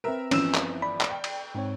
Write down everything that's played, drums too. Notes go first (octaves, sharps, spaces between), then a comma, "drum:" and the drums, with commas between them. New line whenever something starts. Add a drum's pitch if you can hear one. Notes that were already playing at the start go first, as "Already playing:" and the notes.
C4 A#4 B4 E5
G1 E3 F3 C#4 E6 E7, drum: cymbal
drum: clap
D5 B5
drum: clap
G5
drum: cymbal
G#2 C4 C#5